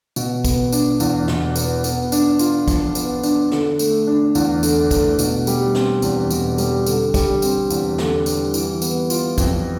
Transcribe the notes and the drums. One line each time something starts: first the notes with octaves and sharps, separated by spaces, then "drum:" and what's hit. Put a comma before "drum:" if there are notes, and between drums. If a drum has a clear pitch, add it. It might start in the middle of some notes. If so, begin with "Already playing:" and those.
B2, drum: tambourine
B3, drum: kick, tambourine
D4, drum: tambourine
E2, drum: tambourine
B2, drum: snare
B3, drum: tambourine
B3, drum: tambourine
D4, drum: tambourine
F4, drum: tambourine
F3, drum: kick, tambourine
B3, drum: tambourine
D4, drum: tambourine
D3, drum: snare
A3, drum: tambourine
D4
E2, drum: tambourine
D3, drum: tambourine
A3, drum: kick, tambourine
B2, drum: tambourine
G3, drum: tambourine
C4, drum: snare
E2, drum: tambourine
B2, drum: tambourine
G3, drum: tambourine
D3, drum: tambourine
G3, drum: kick, tambourine
C4, drum: tambourine
E2, drum: tambourine
D3, drum: snare
G3, drum: tambourine
E3, drum: tambourine
B3, drum: tambourine
F4, drum: tambourine
F2, drum: kick, tambourine